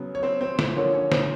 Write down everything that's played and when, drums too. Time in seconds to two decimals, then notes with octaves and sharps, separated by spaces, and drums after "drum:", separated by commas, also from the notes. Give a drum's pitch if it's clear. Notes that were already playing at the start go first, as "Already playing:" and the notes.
Already playing: C#3 F#3 B3
0.15 C#5
0.23 C4 C5
0.41 C4 C5
0.59 C4 C5, drum: snare
0.76 D3 F3 A#3 C#4 C#5
0.94 C#4 C#5
1.12 C4 C5, drum: snare